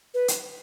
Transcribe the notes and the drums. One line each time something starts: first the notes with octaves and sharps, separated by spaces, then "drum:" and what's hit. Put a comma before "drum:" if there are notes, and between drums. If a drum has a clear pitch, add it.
B4
drum: hi-hat